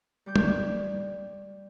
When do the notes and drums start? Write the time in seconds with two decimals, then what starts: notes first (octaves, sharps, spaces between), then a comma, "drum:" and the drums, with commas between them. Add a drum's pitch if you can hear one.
0.26 G3 D6 G6
0.36 drum: tom